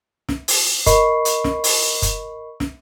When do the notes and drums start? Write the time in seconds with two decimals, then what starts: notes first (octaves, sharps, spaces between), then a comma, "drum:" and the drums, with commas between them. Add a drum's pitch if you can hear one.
0.29 drum: snare
0.48 drum: open hi-hat
0.86 A#4 D#5 B5 C#6 C7, drum: kick, hi-hat
1.25 drum: hi-hat
1.44 drum: snare
1.64 drum: open hi-hat
2.02 drum: kick, hi-hat
2.60 drum: snare